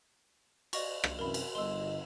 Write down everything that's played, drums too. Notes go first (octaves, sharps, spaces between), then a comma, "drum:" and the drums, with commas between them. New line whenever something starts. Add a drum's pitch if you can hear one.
D5 D#5 C#6, drum: cymbal
drum: rim click
F#2 C3 E3 A#4 B5
drum: cymbal
G1 D#5 C6 E6